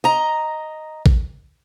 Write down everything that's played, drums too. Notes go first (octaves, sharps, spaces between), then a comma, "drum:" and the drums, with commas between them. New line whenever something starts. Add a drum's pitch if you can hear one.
D#5 A#5
drum: kick A1